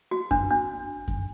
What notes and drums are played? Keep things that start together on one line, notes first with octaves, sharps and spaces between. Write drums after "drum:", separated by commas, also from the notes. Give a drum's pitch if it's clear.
F#4
D4, drum: kick F#2
D4
drum: kick F#2